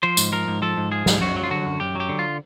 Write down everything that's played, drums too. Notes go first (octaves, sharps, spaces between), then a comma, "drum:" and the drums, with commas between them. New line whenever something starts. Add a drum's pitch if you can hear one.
F3 C5
G#2, drum: tambourine
F3 A#4
G#2
F3 A4
G#2
F3 G#4
G#2, drum: snare
F#2 F#4
F#3
F4
D3 F#4
F#2
F#2 G4
F#3 G4
D3
F4